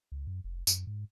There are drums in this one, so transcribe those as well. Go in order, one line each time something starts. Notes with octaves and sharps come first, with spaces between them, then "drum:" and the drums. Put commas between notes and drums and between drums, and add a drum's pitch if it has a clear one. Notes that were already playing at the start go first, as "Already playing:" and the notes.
C#2
F#2
F1
F#2, drum: tambourine
G#2